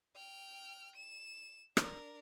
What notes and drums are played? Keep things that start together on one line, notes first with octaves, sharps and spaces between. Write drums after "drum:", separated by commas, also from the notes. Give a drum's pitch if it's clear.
G5 F6
E7
D4 A#4, drum: rim click